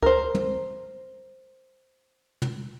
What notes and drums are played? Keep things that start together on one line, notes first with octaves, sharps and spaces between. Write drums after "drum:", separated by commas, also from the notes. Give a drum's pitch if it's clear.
A#4 C5, drum: kick C#2
drum: tom
drum: tom